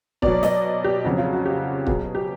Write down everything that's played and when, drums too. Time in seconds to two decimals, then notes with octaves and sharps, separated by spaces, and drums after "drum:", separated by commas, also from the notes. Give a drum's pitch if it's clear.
0.22 B2 F#3 D5, drum: kick
0.43 D#5, drum: snare
0.84 G4
1.04 F2 C#3 F#3 F#4
1.18 F4
1.33 F#4
1.46 G4
1.87 B2 F#3 G#4, drum: kick
2.15 G4